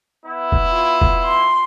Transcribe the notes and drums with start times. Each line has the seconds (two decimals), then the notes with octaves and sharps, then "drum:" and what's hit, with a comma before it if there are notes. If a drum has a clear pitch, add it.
0.25 B3 E4
0.52 drum: kick
0.69 F4
1.02 drum: kick
1.24 C6